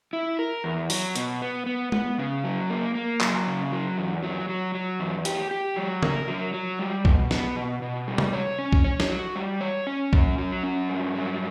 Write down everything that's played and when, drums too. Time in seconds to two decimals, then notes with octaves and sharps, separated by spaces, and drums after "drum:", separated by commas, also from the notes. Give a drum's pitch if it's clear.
0.13 E4
0.39 A#4
0.64 E2
0.90 F#3, drum: open hi-hat
1.16 B2, drum: hi-hat
1.42 B3
1.66 B3
1.92 B3, drum: tom G#3
2.18 C#3
2.44 F#3
2.70 A#3
2.95 A#3
3.21 F#3, drum: clap
3.47 C#3
3.72 F#3
3.98 E2
4.23 F#3
4.49 F#3
4.75 F#3
5.00 E2
5.25 G4, drum: hi-hat
5.51 G4
5.76 F#3
6.03 A#4, drum: tom C#3
6.28 F#3
6.54 F#3
6.79 G3
7.05 B2, drum: kick B1
7.31 B3, drum: snare
7.56 B2
7.82 B2
8.08 G3
8.18 drum: tom C3
8.33 C#5
8.58 C#4
8.73 drum: kick B1
8.84 C#5
9.00 drum: snare
9.10 F#4
9.36 G3
9.61 C#5
9.87 C#4
10.13 F#3, drum: kick B1
10.38 F#3
10.63 C#4
10.89 G2
11.15 F#3